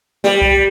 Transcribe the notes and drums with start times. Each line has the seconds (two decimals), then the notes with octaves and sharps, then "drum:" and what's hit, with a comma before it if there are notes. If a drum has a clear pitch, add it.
0.24 G3, drum: snare
0.42 drum: kick C2